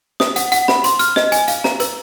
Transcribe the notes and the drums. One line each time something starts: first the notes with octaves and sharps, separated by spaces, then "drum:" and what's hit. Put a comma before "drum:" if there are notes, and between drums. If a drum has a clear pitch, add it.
D#6, drum: snare
F#5, drum: hi-hat
F#5, drum: hi-hat
B5, drum: snare
C6, drum: hi-hat
F6, drum: hi-hat
D#5, drum: snare
G#5, drum: hi-hat
F5, drum: hi-hat
A#5, drum: snare
B4, drum: hi-hat